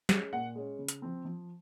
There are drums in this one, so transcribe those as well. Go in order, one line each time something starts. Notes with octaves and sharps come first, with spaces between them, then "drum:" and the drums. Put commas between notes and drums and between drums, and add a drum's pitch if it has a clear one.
G#3 C#4, drum: snare
A#2 F#5
G#3 C#4
C#3
drum: hi-hat
F3 C4
F3